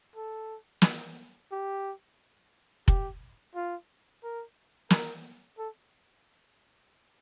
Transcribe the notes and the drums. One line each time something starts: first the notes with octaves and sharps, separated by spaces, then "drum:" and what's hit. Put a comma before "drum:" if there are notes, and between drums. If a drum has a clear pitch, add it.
A4
drum: snare
G4
G4, drum: kick F1
F4
A#4
A#4, drum: snare
A4